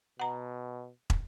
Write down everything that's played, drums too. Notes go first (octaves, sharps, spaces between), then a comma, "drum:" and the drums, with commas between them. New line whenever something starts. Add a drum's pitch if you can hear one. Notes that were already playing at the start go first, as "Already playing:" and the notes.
B2 F#5 A#5
drum: kick